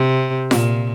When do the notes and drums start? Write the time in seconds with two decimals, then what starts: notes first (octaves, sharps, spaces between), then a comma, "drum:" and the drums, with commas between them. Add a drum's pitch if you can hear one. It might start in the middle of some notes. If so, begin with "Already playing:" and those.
Already playing: C3
0.51 A#2, drum: snare F4